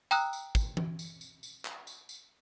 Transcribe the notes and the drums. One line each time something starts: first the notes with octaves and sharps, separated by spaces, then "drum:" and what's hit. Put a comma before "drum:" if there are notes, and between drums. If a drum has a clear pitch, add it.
G5 A#5 D#6 E6 F#6, drum: tambourine
drum: tambourine
drum: kick, tambourine
drum: tom E3
drum: tambourine
drum: tambourine
drum: tambourine
drum: clap
drum: tambourine
drum: tambourine